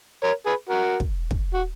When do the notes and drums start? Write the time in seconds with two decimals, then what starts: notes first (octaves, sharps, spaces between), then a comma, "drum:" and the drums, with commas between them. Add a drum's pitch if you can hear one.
0.23 A#4 C#5
0.46 G#4 B4
0.69 F#4 A#4
1.00 drum: kick
1.31 drum: kick
1.54 F#4